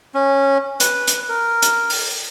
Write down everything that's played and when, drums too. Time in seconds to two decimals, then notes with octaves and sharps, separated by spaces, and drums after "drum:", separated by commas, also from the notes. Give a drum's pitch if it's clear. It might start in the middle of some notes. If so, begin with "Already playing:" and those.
0.15 C#4
0.80 B4, drum: hi-hat
1.07 drum: hi-hat
1.29 A#4
1.62 drum: hi-hat
1.90 drum: open hi-hat